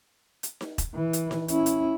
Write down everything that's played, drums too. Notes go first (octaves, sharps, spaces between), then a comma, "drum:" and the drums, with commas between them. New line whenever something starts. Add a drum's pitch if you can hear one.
drum: hi-hat
drum: snare D#4
drum: kick E1, hi-hat
E3
drum: hi-hat
drum: snare D#4
C#4 E4, drum: hi-hat
drum: hi-hat